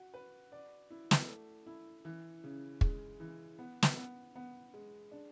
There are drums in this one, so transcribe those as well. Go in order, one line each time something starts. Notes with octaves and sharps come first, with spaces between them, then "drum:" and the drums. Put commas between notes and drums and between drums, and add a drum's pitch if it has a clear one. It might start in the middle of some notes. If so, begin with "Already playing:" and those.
Already playing: F#4
B4
D5
E4
drum: snare
A3
E4
E3
C#3
G#3, drum: kick
E3
B3
drum: snare
B3
B3
G#3
D4